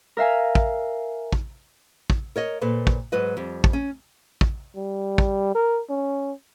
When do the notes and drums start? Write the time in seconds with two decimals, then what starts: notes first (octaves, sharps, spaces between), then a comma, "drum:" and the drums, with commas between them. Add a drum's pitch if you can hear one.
0.17 A#4 E5 F5 G#5
0.55 drum: kick
1.33 drum: kick
2.10 drum: kick
2.36 A#4 C#5 D#5
2.61 A#2 A4 B4 C5
2.87 drum: kick
3.12 G#2 F#3 B4 D#5
3.37 F2 G3
3.64 drum: kick
3.73 C#4
4.41 drum: kick
4.75 G3
5.18 drum: kick
5.55 A#4
5.90 C#4